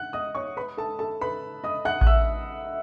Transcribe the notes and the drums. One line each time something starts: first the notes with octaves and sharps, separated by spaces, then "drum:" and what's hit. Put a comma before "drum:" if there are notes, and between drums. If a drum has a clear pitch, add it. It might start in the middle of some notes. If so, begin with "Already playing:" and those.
Already playing: F#5 F#6
D#5 D#6
C#5 C#6
B4 B5
A4 A5
A4 A5
B4 B5
D#5 D#6
F#5 F#6
F#6, drum: kick A1
E5 E6